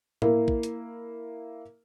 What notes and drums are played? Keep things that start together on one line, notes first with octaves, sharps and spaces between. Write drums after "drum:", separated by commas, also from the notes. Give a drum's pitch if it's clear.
A#3 E4, drum: tom A2
drum: kick A#1
drum: hi-hat